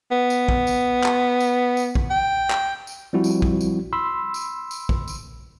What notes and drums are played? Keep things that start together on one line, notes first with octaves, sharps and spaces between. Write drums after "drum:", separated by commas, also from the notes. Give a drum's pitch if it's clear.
B3
drum: tambourine
drum: kick
drum: tambourine
drum: clap
drum: tambourine
drum: tambourine
drum: kick
G5
drum: clap
drum: tambourine
F3 G3 C4 E4 F#4
drum: tambourine
drum: kick
drum: tambourine
B5 C6 E6
drum: tambourine
drum: tambourine
drum: kick
drum: tambourine